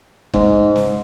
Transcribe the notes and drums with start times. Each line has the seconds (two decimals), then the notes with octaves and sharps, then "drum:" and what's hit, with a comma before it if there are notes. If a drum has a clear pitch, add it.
0.34 G#2, drum: kick F#1
0.76 drum: snare